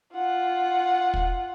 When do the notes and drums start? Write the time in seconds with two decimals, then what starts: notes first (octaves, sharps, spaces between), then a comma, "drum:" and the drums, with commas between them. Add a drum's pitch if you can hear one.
0.14 F4 F#5
1.14 drum: kick